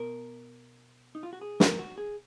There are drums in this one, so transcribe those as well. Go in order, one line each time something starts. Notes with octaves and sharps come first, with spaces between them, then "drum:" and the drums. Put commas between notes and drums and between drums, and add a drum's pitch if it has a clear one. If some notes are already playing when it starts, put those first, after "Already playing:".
Already playing: B2 A#4
D#4
F4
F#4
G#4
A#4, drum: snare
F#4
G#4